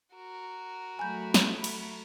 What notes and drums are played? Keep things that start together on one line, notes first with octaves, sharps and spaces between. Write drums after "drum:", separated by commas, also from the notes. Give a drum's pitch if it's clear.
F#4 A#4
F#3 A3 G#5 B5 G6
drum: snare
drum: cymbal